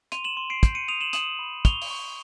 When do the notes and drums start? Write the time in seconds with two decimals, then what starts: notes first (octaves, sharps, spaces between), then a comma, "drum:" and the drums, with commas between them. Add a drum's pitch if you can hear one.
0.12 C6 D#7 F7, drum: hi-hat
0.24 E7 F#7
0.37 C6
0.50 C7 D7
0.63 G6, drum: kick, hi-hat
0.75 C#7 D#7
0.88 D#6 D#7 F7
1.01 E7 F#7
1.13 D#6 E7 F#7, drum: hi-hat
1.39 B5
1.65 C#6 F7 G7, drum: kick, hi-hat
1.82 drum: open hi-hat
1.91 C#6